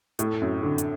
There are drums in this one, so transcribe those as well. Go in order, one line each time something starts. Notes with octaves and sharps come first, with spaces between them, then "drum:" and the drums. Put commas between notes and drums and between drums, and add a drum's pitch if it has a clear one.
A2 A3, drum: hi-hat
F#2
D3
drum: hi-hat